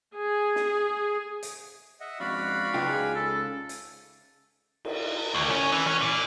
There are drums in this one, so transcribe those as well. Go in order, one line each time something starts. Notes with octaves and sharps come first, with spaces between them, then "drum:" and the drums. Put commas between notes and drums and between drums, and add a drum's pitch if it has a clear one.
G#4
drum: snare
drum: hi-hat
D#5 E5 F#5
F2 G#2 F#4 D5 F5 B5
C#2 F#3 B3 D#4 F4 G5
G#4
C#3 A4
drum: hi-hat
drum: cymbal
D2
C#4
E3
C#4
A#2